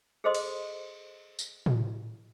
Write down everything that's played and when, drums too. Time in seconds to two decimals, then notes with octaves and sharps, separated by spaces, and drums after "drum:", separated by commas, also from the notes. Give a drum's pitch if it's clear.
0.24 G#4 A4 C5 D#5 C6 D#6
0.34 drum: cymbal
1.39 drum: tambourine
1.66 drum: tom A2